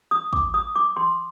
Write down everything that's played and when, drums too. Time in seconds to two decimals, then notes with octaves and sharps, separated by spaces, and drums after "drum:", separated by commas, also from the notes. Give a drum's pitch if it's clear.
0.11 D#6
0.33 D6, drum: kick
0.54 D#6
0.75 D6
0.96 C6